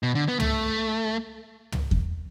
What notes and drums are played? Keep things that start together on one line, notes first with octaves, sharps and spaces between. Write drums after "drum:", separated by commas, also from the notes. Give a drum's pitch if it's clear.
B2
D3
B3
A3, drum: tom
drum: tom
drum: kick E2